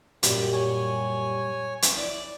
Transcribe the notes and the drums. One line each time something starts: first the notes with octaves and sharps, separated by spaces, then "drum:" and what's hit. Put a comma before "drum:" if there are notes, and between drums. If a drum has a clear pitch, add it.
F#2 A#2 G3, drum: hi-hat
C#5 G#5
drum: hi-hat
E4 D5